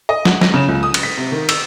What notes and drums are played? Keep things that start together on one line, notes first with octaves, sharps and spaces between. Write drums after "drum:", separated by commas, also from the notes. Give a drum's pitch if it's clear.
D#5
F#5, drum: snare
A#6, drum: snare
C#3
C#2
D#6
drum: cymbal
B6
C3
D#3
E6, drum: cymbal